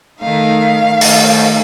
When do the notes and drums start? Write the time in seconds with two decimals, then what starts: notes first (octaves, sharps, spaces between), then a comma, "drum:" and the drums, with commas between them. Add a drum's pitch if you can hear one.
0.20 D#3 A3 D#4 F5
1.01 D#3 A3 D#4, drum: open hi-hat